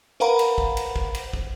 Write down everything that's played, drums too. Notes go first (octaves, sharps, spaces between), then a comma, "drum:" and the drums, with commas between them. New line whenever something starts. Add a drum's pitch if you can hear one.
A#4 B4 F5 F#5 A#5 B5
drum: cymbal
drum: kick
drum: cymbal
drum: kick
drum: cymbal
drum: kick